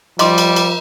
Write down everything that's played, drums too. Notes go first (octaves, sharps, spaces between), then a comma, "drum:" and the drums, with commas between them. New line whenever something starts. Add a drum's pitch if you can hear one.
F3 G3 D#5 C6 D6, drum: cymbal
drum: cymbal
drum: cymbal